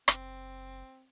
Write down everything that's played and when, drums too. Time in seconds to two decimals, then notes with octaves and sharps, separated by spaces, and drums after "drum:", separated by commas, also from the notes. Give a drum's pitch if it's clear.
0.08 F#1 C4, drum: rim click